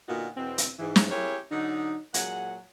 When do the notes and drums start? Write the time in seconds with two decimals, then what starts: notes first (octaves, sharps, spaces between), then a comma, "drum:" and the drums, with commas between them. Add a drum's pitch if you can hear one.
0.08 A#2 D3 B3 D#4 F#4
0.37 E2 B2 C4
0.58 drum: hi-hat
0.79 G#2 E3
0.96 drum: snare
1.11 E4 G4 G#4 A#4 C#5
1.51 D3 F#3 D#4
2.14 A#2 F#3 G#3 F#5, drum: hi-hat